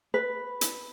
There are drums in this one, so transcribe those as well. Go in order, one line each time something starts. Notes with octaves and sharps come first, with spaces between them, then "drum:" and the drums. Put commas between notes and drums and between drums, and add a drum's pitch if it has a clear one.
B4
drum: hi-hat